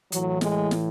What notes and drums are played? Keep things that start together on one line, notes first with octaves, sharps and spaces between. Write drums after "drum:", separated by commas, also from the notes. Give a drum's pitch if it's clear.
A2 E3 F#3, drum: hi-hat
G#3, drum: snare
drum: snare